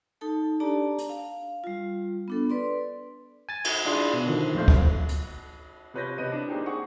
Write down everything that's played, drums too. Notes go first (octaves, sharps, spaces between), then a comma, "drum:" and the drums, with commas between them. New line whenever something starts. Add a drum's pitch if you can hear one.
D#4 A4 A5
D4 G4 D5 A5 A#5
drum: hi-hat
F5
G3 F4
B3 D4 A4
B4 D5 C6
G#5 A6
drum: cymbal
D4 E4 F4 G#4 C6
B2
D3 D#3 F3
F2 A#2 A3 C5 F5
drum: kick
drum: hi-hat
C3 F4 B4 C#5 G6 A#6
C3 B4 D#5 D#7
D4
A#3 C4 D4 D#4 G4 G#4
G#4 F#5 C#6